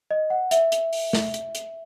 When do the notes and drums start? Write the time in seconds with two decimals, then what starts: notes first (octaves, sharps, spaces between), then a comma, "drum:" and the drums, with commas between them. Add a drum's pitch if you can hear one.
0.11 D#5
0.30 F#5
0.51 E5, drum: hi-hat
0.72 drum: hi-hat
0.93 drum: open hi-hat
1.13 drum: snare
1.34 drum: hi-hat
1.55 drum: hi-hat